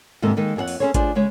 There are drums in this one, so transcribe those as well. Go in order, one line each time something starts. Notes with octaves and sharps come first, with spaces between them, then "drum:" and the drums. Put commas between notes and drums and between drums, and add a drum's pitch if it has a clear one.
D#2 G#2 C3 A4 A#4
D#3 G#3 A#3 A4
F2 A#3 G#4 C#5 F#5
drum: open hi-hat
C#4 E4 G#4 A4 C5 C#5
D4 F4 G#4 C5, drum: kick G#1, hi-hat
C#3 G#3 C#5